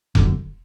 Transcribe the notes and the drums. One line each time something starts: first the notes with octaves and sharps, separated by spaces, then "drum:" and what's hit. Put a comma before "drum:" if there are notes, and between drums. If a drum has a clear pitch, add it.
G1 F#2 D3, drum: kick F1